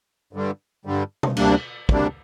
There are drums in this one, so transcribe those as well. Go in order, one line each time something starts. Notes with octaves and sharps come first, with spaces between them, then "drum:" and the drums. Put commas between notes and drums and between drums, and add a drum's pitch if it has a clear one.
G2 D3 G3
G2 D3 G3
drum: tom B2
D2 C3 G3 A#3 D4, drum: cymbal
D2 C3 G3 A#3 D4, drum: kick